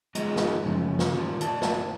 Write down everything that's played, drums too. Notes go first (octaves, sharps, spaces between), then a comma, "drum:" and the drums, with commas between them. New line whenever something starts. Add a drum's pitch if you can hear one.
G#3 B3 F4 G#4 D#5 A#5, drum: hi-hat
drum: snare
F#2 C#3 F3
drum: snare
D#3 F4 G4
E4 D5 A5, drum: hi-hat
drum: snare